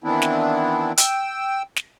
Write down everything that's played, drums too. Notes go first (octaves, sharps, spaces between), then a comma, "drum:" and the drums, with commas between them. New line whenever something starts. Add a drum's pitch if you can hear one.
D#3 E3 B3 C4 D4 E4
drum: snare
G5 E6, drum: hi-hat
drum: snare